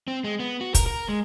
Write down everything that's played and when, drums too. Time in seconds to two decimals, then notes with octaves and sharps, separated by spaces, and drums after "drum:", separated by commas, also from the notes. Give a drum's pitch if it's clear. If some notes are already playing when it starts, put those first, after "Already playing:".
0.08 C4
0.24 G#3
0.40 B3
0.61 F#4
0.75 A#4, drum: kick, hi-hat
0.86 A#4
1.09 G#3